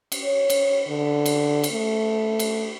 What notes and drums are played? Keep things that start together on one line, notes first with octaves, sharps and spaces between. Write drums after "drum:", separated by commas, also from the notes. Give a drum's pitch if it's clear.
drum: cymbal
C#5
drum: cymbal
D3
drum: cymbal
drum: cymbal
A3
drum: cymbal